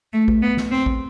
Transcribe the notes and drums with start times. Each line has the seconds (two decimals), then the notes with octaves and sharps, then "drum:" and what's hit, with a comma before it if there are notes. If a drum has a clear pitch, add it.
0.13 A3
0.28 drum: kick
0.42 B3
0.57 drum: snare
0.71 C4
0.86 drum: kick